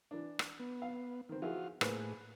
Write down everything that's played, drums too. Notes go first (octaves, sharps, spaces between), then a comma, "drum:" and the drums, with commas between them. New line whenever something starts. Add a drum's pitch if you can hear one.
E3 D4
drum: rim click
B3
F5
D#3 C4
F3 E4 F#4 G#4 F5
A2 A#3 G#4 B4 C5, drum: rim click